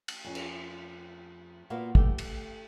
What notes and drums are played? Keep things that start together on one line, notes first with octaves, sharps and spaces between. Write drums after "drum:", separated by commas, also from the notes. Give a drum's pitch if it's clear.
drum: cymbal
F2 C#4
drum: cymbal
A#2 A#3 B3 F#4 F5
A3 G4, drum: kick
drum: cymbal